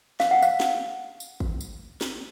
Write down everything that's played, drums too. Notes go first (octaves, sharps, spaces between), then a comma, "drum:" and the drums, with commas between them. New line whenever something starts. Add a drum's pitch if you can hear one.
F5, drum: snare
F#5
F5, drum: tambourine
drum: snare
drum: tambourine
drum: kick G#1
drum: tambourine
drum: snare